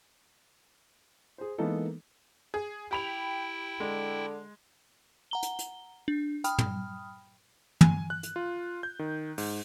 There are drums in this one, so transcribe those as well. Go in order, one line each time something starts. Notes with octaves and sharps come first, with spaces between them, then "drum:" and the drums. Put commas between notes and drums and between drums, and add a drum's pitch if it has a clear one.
G#4 C5
E3 G#3 A#3 B3 D#4 A4
G#4
E4 G4 G5 B5 F7
D3 G#3
F#5 A#5 G7
drum: hi-hat
drum: hi-hat
D4
G5 B5 D#6 F6, drum: hi-hat
drum: tom
G#5, drum: tom
F#6
drum: hi-hat
F4
G6
D#3
G#2, drum: open hi-hat